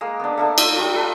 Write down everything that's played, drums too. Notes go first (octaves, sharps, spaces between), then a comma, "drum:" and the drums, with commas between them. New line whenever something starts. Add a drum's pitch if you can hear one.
G#3 A#3
B3 D4
A3 A#3 D4
D#4 F4 E5, drum: cymbal
G3 F4
A4 B4 F#5 A5